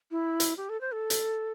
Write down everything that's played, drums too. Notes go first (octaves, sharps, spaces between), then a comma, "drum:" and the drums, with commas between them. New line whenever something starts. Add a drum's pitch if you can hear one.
E4
drum: hi-hat
G4
A4
C5
A4
drum: hi-hat